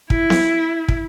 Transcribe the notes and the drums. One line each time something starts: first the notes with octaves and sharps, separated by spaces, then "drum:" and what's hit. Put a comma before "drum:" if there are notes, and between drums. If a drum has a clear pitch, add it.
E4, drum: kick
drum: snare B3
drum: kick